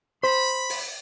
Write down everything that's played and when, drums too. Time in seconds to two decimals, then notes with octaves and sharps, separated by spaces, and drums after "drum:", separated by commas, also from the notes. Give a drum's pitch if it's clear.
0.23 C5 B5
0.70 drum: open hi-hat